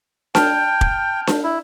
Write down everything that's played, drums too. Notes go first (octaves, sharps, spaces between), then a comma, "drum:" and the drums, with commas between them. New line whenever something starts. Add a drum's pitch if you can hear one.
G5 A5 F6 G6, drum: snare D4
drum: kick
drum: snare D4
E4